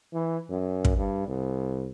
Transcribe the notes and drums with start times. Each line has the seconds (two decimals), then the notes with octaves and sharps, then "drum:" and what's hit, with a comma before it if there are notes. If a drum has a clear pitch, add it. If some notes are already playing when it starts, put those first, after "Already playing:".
0.13 E3
0.50 F#2
0.85 drum: kick
0.97 G2
1.28 C2